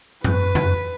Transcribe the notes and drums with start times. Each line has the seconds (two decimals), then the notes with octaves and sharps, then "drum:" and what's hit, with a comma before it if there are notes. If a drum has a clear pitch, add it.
0.24 F#2 B4, drum: tom G#2
0.55 drum: tom F2